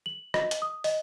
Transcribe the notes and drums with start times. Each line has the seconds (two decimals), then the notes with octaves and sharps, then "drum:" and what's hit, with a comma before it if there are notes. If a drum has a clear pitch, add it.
0.06 F#7
0.34 D#5, drum: rim click
0.51 drum: hi-hat
0.62 D#6
0.84 D#5, drum: open hi-hat